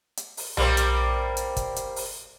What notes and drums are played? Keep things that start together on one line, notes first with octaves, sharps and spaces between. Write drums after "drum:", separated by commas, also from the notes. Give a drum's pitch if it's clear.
drum: hi-hat
drum: open hi-hat
G3 A#3 C4, drum: tom B1
drum: hi-hat
drum: hi-hat
drum: kick, hi-hat
drum: hi-hat
drum: open hi-hat